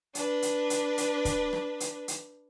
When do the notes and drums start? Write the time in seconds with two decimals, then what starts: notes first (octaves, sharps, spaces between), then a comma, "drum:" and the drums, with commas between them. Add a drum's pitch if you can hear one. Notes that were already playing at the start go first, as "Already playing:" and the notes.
0.15 D4 B4, drum: hi-hat
0.42 drum: hi-hat
0.70 drum: hi-hat
0.98 drum: hi-hat
1.25 drum: kick, hi-hat
1.53 drum: rim click
1.80 drum: hi-hat
2.08 drum: hi-hat